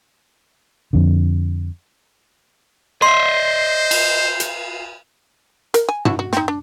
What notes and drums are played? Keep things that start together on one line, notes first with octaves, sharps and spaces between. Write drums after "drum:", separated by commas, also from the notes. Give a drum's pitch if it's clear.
F2 D3
C5 D#5 E5 C6 C7
drum: cymbal
drum: hi-hat
A#4, drum: hi-hat
G#5
E4 F#4 A5, drum: tom
F#4
C4 D#4, drum: snare
D4